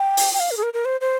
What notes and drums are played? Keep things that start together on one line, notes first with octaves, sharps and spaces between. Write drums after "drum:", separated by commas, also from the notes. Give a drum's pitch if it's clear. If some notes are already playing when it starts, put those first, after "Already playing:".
Already playing: G5
drum: open hi-hat
G5
F5
A#4
G#4
A#4
A#4
C5
C5